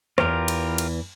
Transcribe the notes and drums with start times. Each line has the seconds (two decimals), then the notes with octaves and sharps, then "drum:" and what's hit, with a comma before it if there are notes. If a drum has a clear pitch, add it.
0.18 E2 E3 F4 G4 A#4, drum: rim click
0.48 drum: cymbal
0.78 drum: cymbal